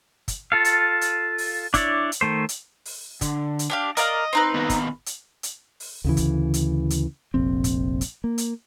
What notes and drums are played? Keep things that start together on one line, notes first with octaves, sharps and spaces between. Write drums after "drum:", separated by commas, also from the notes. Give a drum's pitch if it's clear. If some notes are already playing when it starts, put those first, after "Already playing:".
drum: kick, hi-hat
F4 A4 F5
drum: hi-hat
drum: hi-hat
drum: open hi-hat
D4 E4 C#5 D5, drum: kick, hi-hat
drum: hi-hat
D#3 A3 C5
drum: hi-hat
drum: open hi-hat
D3, drum: kick, hi-hat
drum: hi-hat
D4 G4 F5
A#4 D5 D#5 F5, drum: hi-hat
C4 D#4 B4
D#3 A#3 B3
drum: kick, hi-hat
drum: hi-hat
drum: hi-hat
drum: open hi-hat
D2 C#3 E3
drum: kick, hi-hat
drum: hi-hat
drum: hi-hat
F1 A#1 C4
drum: kick, hi-hat
drum: hi-hat
A#3
drum: hi-hat